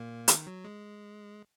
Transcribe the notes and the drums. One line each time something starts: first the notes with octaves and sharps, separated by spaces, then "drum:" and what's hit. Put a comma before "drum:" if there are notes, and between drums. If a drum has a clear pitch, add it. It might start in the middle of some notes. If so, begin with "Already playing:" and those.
Already playing: A#2 A#3
D#3, drum: hi-hat
F#3
G#3